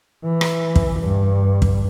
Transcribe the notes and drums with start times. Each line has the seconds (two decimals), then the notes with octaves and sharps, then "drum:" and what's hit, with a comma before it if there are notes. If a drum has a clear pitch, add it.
0.24 E3
0.41 drum: rim click
0.76 drum: kick
1.00 G2
1.62 drum: kick